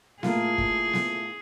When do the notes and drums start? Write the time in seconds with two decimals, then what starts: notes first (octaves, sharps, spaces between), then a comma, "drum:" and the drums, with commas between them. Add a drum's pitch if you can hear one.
0.23 A2 A#3 F4 G#4, drum: snare B3
0.58 drum: kick
0.93 drum: snare B3